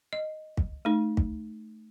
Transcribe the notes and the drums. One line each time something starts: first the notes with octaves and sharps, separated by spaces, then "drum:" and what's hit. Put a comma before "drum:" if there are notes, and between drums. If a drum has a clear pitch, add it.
D#5
drum: kick
A3 D#4
drum: kick